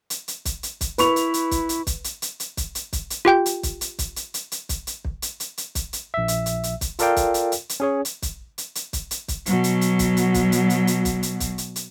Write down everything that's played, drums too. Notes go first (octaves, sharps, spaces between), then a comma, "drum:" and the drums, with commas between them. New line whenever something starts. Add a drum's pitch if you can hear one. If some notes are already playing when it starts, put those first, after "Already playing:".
drum: hi-hat
drum: hi-hat
drum: kick, hi-hat
drum: hi-hat
drum: kick, hi-hat
E4 B4 C#6 F7, drum: hi-hat
drum: hi-hat
drum: hi-hat
drum: kick, hi-hat
drum: hi-hat
drum: kick, hi-hat
drum: hi-hat
drum: hi-hat
drum: hi-hat
drum: kick, hi-hat
drum: hi-hat
drum: kick, hi-hat
drum: hi-hat
F4 G4 G5 G6
drum: hi-hat
drum: kick, hi-hat
drum: hi-hat
drum: kick, hi-hat
drum: hi-hat
drum: hi-hat
drum: hi-hat
drum: kick, hi-hat
drum: hi-hat
drum: kick
drum: hi-hat
drum: hi-hat
drum: hi-hat
drum: kick, hi-hat
drum: hi-hat
A#1 E5
drum: hi-hat
drum: hi-hat
drum: hi-hat
drum: kick, hi-hat
F4 A4 A#4 D5 F5 G5, drum: hi-hat
drum: kick, hi-hat
drum: hi-hat
drum: hi-hat
drum: hi-hat
C#4 G#4 C#5
drum: hi-hat
drum: kick, hi-hat
drum: hi-hat
drum: hi-hat
drum: kick, hi-hat
drum: hi-hat
drum: kick, hi-hat
B2 F#3, drum: hi-hat
drum: hi-hat
drum: hi-hat
drum: kick, hi-hat
drum: hi-hat
drum: kick, hi-hat
drum: hi-hat
drum: hi-hat
drum: hi-hat
drum: kick, hi-hat
drum: hi-hat
drum: kick, hi-hat
drum: hi-hat
drum: hi-hat